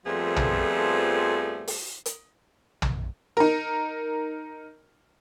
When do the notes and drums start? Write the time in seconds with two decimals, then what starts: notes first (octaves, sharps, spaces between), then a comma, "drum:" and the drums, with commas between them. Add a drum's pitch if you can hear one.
0.07 F2 F3 G3 A3 B3 G#4
0.36 drum: tom
1.67 drum: open hi-hat
2.06 drum: hi-hat
2.82 drum: tom
3.37 D#4 A#4